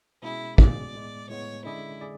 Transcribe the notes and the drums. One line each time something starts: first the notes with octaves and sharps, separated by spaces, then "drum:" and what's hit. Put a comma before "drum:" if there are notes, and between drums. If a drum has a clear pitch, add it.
B2 G#3 C#4 E4 G#4
B2 G#3 C#4 G#4 D5, drum: kick
A2 G#3 B3
A2 G#3 B3 C#5
D3 G#3 C#4 E4 G#4 D5
G#4 D5